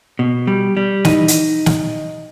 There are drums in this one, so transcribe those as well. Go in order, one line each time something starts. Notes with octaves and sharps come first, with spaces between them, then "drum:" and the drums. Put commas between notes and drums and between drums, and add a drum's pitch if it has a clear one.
B2
G3
G3
E3 D#4, drum: snare
drum: hi-hat
drum: snare